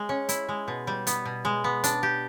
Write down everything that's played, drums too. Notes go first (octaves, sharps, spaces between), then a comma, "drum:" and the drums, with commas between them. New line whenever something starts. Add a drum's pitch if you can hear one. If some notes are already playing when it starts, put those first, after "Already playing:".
Already playing: G#3
C#4
E4, drum: hi-hat
G#3
B2
G3
B3, drum: hi-hat
B2
G#3
B3
D4, drum: hi-hat
G4